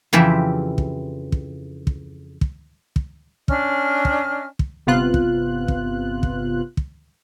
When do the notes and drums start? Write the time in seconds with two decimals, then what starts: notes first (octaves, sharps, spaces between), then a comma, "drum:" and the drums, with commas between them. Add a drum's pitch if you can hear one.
0.13 F2 C#3 E3 C4 G4 E5
0.78 drum: kick
1.32 drum: kick
1.87 drum: kick
2.41 drum: kick
2.96 drum: kick
3.48 C#4 D4 D#5 F6, drum: kick
4.05 drum: kick
4.59 drum: kick
4.87 G1 C3 B3 F4 F#6
5.14 drum: kick
5.68 drum: kick
6.23 drum: kick
6.77 drum: kick